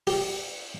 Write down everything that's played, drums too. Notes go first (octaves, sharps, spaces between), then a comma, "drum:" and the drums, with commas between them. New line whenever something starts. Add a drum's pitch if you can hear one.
G4, drum: open hi-hat